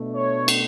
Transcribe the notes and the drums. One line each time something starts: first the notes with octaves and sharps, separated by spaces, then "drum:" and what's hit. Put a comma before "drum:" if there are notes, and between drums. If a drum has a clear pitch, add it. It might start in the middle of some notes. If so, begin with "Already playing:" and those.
Already playing: B2 A3 D4
C#5
drum: cymbal